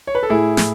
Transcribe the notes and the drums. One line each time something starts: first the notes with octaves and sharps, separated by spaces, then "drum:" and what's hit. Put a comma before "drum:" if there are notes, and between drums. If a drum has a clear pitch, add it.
C#5
B4
A4
A2 E4 G#4
A2, drum: snare